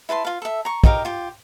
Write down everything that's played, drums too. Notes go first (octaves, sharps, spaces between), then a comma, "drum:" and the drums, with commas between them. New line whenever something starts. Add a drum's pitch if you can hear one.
E4 B4 A5 C6
F4 F5
A4 E5
A#5 C#6
D#4 G4 A#4 F5, drum: kick
F4 G4